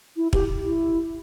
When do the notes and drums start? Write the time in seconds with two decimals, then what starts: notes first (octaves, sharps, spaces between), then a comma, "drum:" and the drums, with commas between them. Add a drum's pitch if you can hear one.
0.17 E4
0.33 G4, drum: kick
0.65 E4